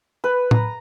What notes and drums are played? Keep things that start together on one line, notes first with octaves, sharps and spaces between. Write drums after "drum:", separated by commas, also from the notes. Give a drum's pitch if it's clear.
B4
A#5, drum: tom A2